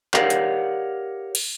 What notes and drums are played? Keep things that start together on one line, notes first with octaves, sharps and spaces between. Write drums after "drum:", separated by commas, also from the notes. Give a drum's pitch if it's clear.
G4 A#4 C#5 D5 F5 F#5, drum: clap
drum: hi-hat
drum: cymbal